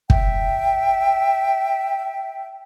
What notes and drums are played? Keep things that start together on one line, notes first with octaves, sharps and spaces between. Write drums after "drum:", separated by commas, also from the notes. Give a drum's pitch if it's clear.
E5 G5, drum: kick